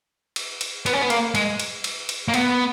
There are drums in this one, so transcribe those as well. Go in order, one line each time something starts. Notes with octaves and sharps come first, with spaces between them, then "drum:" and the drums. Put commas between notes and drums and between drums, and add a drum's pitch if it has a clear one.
drum: cymbal
drum: cymbal
B3, drum: cymbal
C#4
B3
A#3, drum: cymbal
G#3, drum: cymbal
drum: cymbal
drum: cymbal
drum: cymbal
A#3
B3, drum: cymbal